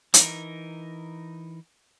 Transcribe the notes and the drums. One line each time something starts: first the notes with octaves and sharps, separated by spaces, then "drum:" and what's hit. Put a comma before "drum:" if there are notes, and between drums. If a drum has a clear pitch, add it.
E3 D#4 A#4, drum: hi-hat